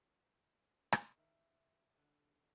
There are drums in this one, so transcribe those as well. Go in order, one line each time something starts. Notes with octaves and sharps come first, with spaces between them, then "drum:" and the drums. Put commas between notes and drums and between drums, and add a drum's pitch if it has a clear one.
drum: rim click
D#3 E5
D3